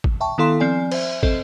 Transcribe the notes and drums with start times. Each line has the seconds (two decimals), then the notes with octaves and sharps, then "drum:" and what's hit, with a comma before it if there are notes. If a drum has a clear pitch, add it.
0.04 drum: kick
0.21 E5 G5 A5 C#6
0.38 D#3 B3 E4 A4 F5 C6
0.60 F3 C4 D5 G#5
0.92 C5 E5, drum: cymbal
1.23 C4 A4 C5 D#5, drum: kick